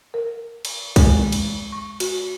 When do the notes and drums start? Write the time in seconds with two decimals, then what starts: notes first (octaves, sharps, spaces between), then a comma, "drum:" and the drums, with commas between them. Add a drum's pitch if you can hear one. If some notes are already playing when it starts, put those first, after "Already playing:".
0.14 A#4
0.65 drum: cymbal
0.96 G#3, drum: kick, cymbal
1.32 drum: cymbal
1.72 C#6
2.00 F#4, drum: cymbal